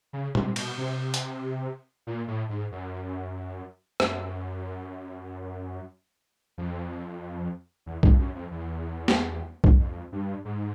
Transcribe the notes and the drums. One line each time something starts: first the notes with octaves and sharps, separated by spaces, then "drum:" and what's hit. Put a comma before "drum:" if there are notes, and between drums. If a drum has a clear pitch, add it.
C#3
C3, drum: tom A#2
B2, drum: cymbal
C3
drum: hi-hat
A#2
A2
G#2
F#2
F#2, drum: rim click
F2
E2
F2, drum: kick B1
F#2
F2
E2
drum: snare
drum: kick B1
F2
G2
G#2